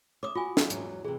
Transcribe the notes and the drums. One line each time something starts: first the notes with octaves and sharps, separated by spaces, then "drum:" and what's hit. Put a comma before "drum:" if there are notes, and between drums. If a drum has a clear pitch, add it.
C#5 E5 D6 D#6
F4 F#4 G#5
drum: snare
E2 G#2 F#3, drum: hi-hat
C3 E3 G#4